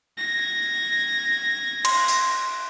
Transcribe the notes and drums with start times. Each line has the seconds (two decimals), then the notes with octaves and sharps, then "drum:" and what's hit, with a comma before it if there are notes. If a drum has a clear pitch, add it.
0.18 G#6 A#6
1.85 C6, drum: cymbal
2.08 drum: tambourine